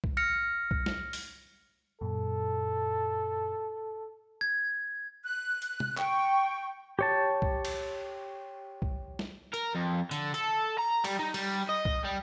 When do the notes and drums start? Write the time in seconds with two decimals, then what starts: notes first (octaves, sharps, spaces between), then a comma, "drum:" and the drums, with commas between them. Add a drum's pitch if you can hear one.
0.04 drum: kick C2
0.17 F6 A#6 C#7
0.71 drum: kick C2
0.86 drum: snare
1.13 drum: open hi-hat
2.01 F#2 A#2 A4
4.41 G#6
5.24 F#6
5.62 drum: hi-hat
5.80 drum: tom
5.98 G5 C#6, drum: clap
6.99 G4 C#5 A5
7.42 drum: kick C2
7.65 drum: cymbal
8.82 drum: kick C2
9.19 drum: snare
9.54 A#4, drum: hi-hat
9.75 F2
10.11 D3, drum: tambourine
10.34 A4, drum: hi-hat
10.79 A#5
11.04 G3, drum: cymbal
11.19 D#4
11.34 G3, drum: cymbal
11.69 D#5
11.85 drum: kick C2
12.05 G3